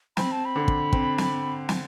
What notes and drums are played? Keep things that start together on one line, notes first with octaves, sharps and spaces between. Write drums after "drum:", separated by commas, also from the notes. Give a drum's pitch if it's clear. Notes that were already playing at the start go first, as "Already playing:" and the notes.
C4 B5, drum: snare
A5
B5
D3
drum: kick
C4, drum: kick
drum: snare
drum: snare